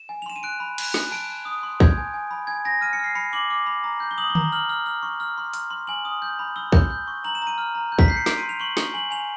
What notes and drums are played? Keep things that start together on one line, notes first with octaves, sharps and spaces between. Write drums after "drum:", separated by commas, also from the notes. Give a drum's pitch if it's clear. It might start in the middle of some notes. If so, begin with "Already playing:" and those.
Already playing: E7
G#5
F7
C6 E7
D#7
F#6 D7
B5
F#6, drum: cymbal
F#6, drum: snare
A5 D7
A5
D#6
C6
G6 G#6, drum: kick
G#5
G#5
B5
G#5 G#6
G#5 A#6
F6 D#7
C#7
F6 C7
B5 C#7
D6 F#7
D6
B5
A#5
G6
G7
D#6 F#7
G7
A#5, drum: tom D3
G7
F6 F#7
F6
F6
C#6
F6
C6
F6, drum: hi-hat
C6
G#5 F#7
D#6
G6
B5
E6 G7
G6, drum: kick
G6
C#6
A#5 F#7
E7
A#5
D#7
F6
A#5
G6
B6, drum: kick
G6 C7
C#7
C6 D7, drum: snare
D#7
C6
F7
C#6 F#7
C#6 G7, drum: snare
G#5 F#7
G#5 F7